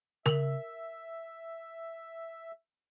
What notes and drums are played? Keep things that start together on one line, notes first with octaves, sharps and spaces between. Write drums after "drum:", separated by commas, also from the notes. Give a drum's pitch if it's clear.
A#4 E5 F#7, drum: tom C#3